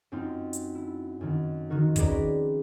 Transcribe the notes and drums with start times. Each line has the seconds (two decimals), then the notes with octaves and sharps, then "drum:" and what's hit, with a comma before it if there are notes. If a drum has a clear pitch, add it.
0.12 F#2 C4 D#4 F4
0.53 drum: hi-hat
0.75 E4
1.21 F#2 D#3
1.70 D#3 F3 F#4 A#4
1.96 C4 C#4 G#4 B4 D5 A#5, drum: kick, hi-hat